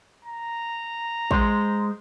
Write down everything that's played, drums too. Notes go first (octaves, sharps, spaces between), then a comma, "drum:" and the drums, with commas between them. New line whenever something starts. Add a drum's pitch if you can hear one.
A#5
G#3 C5, drum: kick